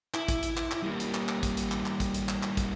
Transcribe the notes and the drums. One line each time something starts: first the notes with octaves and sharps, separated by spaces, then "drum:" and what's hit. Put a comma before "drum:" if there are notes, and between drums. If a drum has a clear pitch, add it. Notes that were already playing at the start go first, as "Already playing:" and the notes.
E4, drum: clap
drum: kick, hi-hat
drum: hi-hat
drum: clap
drum: clap
G3 A#3
drum: hi-hat
drum: clap
drum: clap
drum: kick, hi-hat
drum: hi-hat
drum: clap
drum: clap
drum: kick, hi-hat
drum: hi-hat
drum: clap
drum: clap
drum: kick, hi-hat